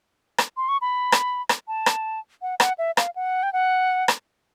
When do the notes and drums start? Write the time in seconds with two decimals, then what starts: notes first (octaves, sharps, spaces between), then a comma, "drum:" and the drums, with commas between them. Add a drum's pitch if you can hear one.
0.38 drum: rim click
0.57 C6
0.69 C#6
0.81 B5
1.12 drum: rim click
1.49 drum: rim click
1.68 A5
1.86 drum: rim click
2.42 F#5
2.60 F#5, drum: rim click
2.78 E5
2.97 F5, drum: rim click
3.16 F#5
3.43 G5
3.53 F#5
4.08 drum: rim click